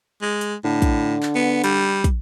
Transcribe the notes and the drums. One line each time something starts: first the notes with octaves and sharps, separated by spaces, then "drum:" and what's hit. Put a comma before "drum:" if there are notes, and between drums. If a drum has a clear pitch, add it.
G#3
drum: hi-hat
A2 D3
drum: kick, hi-hat
drum: clap
B3
G3, drum: hi-hat
drum: kick, hi-hat